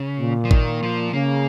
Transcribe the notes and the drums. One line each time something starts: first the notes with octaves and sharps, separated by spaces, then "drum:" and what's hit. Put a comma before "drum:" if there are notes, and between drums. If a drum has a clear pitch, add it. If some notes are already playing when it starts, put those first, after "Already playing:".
Already playing: C#3
A#2
F3
D#3, drum: kick G#1
F3
C#3 A#3